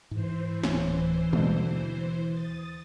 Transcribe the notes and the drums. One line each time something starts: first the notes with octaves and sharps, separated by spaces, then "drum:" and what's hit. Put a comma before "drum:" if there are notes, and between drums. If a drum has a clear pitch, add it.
G#2 E3 C5
D1 G#1 C#4, drum: snare
D#2 B2 D3, drum: tom G3
D#6 A6